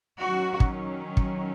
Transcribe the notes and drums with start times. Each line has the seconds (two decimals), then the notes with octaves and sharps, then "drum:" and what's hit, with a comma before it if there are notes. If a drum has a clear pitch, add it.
0.22 D#3 F#3 C#4 F#4
0.60 drum: kick
1.17 drum: kick